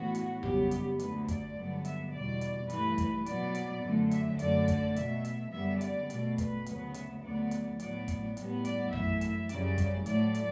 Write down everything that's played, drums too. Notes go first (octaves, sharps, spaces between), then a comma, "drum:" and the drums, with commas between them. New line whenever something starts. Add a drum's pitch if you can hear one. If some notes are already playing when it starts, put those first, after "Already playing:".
Already playing: A2 E3 B3 F#4
drum: hi-hat
F#2 C#3 G3 B3 G4, drum: tom A#1
drum: hi-hat
D2 D3 A3 B4, drum: hi-hat
D5, drum: kick, hi-hat
G2 D3 F#3 B3
E5, drum: hi-hat
E2 B2 G3 D5
drum: hi-hat
G2 E3 A3 B4, drum: hi-hat
drum: kick, hi-hat
B2 F#3 B3 D5, drum: hi-hat
drum: hi-hat
F#2 D3 A3
E5, drum: hi-hat
F#2 D3 A3 D5, drum: hi-hat
drum: kick, hi-hat
B2 A3 E5, drum: hi-hat
drum: hi-hat
F#2 D3 G3 B3 E5
D5, drum: hi-hat
B2 A3, drum: hi-hat
B4, drum: kick, hi-hat
D2 C#3 F#3 B3, drum: hi-hat
E5, drum: hi-hat
D2 D3 F#3 B3 D5
drum: hi-hat
A2 F#3 B3 D5, drum: hi-hat
drum: kick, hi-hat
A2 G3 B3, drum: hi-hat
D5, drum: hi-hat
F#2 E3 A3 E5, drum: tom A#1
drum: hi-hat
F#2 C#3 G3 D5, drum: hi-hat
drum: kick, hi-hat
A2 F#3 A3 D5, drum: hi-hat
drum: hi-hat